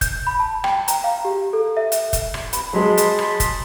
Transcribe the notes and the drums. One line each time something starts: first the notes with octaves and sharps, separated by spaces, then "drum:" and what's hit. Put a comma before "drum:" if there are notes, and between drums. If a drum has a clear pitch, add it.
G6, drum: kick F1, hi-hat
B5
A5
G5, drum: rim click
A#5, drum: hi-hat
F5
G4
A4
E5
drum: hi-hat
drum: kick F1, hi-hat
drum: rim click
B5, drum: hi-hat
F#3 G#3 G#4 A5 B5 C6
drum: hi-hat
drum: rim click
drum: kick F1, hi-hat